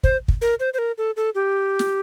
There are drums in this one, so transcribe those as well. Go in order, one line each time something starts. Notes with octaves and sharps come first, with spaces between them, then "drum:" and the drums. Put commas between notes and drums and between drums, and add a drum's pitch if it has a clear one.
C5, drum: kick
drum: kick
A#4
C5
C5
A#4
A4
A4
G4
drum: snare